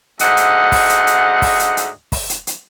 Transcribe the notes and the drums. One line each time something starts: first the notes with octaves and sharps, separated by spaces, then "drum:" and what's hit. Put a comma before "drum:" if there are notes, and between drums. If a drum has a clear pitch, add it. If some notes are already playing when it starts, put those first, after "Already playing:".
D2 G#2 D#5 F#5, drum: hi-hat
drum: hi-hat
drum: kick, open hi-hat
drum: hi-hat
drum: hi-hat
drum: kick, open hi-hat
drum: hi-hat
drum: hi-hat
drum: kick, open hi-hat
drum: hi-hat
drum: hi-hat